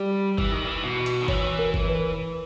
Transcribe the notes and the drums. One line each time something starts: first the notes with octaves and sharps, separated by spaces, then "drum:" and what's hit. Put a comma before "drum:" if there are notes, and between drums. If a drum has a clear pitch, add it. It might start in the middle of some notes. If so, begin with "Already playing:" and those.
Already playing: G3
E3, drum: kick F#1
D#3
E3
B2
drum: hi-hat
D#3
E3 C#5, drum: kick F#1
A#4
drum: kick F#1
B4